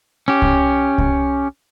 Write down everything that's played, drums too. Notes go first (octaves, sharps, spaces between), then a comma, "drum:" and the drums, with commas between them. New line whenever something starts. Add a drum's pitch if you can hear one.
C#4 G4
drum: kick C2
drum: kick C2